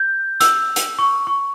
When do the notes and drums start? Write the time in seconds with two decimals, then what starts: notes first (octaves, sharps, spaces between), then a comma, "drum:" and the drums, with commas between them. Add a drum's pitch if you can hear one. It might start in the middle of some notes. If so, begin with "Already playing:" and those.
Already playing: G6
0.40 E6, drum: hi-hat
0.76 drum: hi-hat
0.99 C#6
1.27 C#6